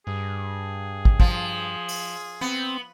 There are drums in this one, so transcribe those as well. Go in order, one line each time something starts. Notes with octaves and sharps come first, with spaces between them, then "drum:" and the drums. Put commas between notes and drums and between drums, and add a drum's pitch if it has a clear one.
G2 G#4
drum: kick
F3, drum: kick
drum: open hi-hat
B3 C4